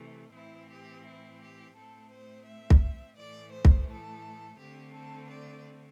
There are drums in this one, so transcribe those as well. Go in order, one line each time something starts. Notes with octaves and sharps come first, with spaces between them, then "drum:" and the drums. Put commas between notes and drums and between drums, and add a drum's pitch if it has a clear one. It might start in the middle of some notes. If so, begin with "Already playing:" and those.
Already playing: C3 E3 A3
A2 E3 C4 E4
G4
E4
G4
A2 A3 C4 A4
C5
E5
drum: kick
A2 E3 A3 D5
C5
drum: kick
A4
D3 A3 C4 G4
A4
D5